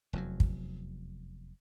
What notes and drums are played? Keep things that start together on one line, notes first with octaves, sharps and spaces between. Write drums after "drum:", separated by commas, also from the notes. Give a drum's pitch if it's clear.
F1 E2 B2 F#3
drum: kick